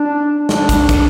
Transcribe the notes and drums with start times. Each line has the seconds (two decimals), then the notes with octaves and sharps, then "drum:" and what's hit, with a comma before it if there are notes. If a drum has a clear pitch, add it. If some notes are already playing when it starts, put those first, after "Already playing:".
Already playing: D4
0.49 D4, drum: snare
0.69 drum: kick, hi-hat
0.89 drum: kick, hi-hat